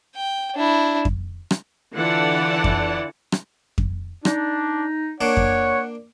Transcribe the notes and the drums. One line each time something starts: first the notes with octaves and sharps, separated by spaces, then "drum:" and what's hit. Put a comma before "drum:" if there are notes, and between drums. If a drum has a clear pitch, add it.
G5
D4 E4
drum: kick F2
drum: rim click
D3 E3 F4 D5 F#5 A5
drum: kick F2
drum: rim click
drum: kick F2
D4 D#4, drum: rim click
A#3 D4 C#5 F#5
drum: kick F2